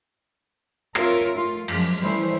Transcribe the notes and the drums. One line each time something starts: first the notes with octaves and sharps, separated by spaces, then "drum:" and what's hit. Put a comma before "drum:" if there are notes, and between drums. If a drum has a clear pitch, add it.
C4 F4 A#4 C#5 E5, drum: clap
A3 F4
F#2 F3 G#3, drum: cymbal
E3 G3 A3 C#4 E4 C5